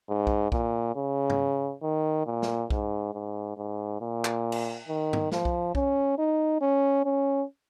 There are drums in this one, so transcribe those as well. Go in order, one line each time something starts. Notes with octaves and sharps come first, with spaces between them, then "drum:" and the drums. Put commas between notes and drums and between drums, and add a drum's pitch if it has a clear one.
G#2
drum: kick B1
A#2, drum: kick B1
C#3
drum: tom G#2
D#3
A#2
drum: snare
G#2, drum: kick B1
G#2
G#2
A#2
drum: clap
drum: cymbal
D#3
drum: tom G#2
F3, drum: snare
drum: kick B1
C#4, drum: kick B1
D#4
C#4
C#4